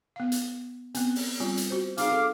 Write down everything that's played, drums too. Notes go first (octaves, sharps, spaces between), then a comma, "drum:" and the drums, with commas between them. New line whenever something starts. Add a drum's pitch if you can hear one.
B3 F5
drum: hi-hat
B3 C4, drum: hi-hat
drum: open hi-hat
G3 C4 F4
drum: hi-hat
F#4 C5
C4 D#4 G#4 F5 D6 F6, drum: hi-hat
A4